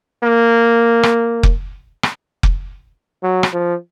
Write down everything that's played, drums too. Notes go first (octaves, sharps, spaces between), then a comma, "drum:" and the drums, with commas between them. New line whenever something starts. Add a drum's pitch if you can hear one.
A#3
drum: rim click
drum: kick F1
drum: rim click
drum: kick F1
F#3
drum: rim click
F3